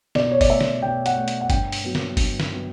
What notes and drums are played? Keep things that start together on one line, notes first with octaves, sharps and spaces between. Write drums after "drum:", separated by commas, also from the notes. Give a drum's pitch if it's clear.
B2 D5, drum: snare
C#5
D5, drum: kick G1, open hi-hat
A3 E5
drum: snare
B2 G5
F#5, drum: hi-hat
A3
drum: hi-hat
F#5
G2 G5, drum: kick G1, hi-hat
drum: open hi-hat
F#3 B3
drum: snare
G2, drum: kick G1, open hi-hat
drum: snare
F#3 B3